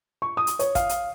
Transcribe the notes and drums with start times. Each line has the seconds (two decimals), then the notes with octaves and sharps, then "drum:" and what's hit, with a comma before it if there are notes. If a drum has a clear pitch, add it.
0.22 C#6
0.37 D#6
0.47 drum: hi-hat
0.59 C#5, drum: hi-hat
0.75 F5, drum: kick, hi-hat
0.89 drum: hi-hat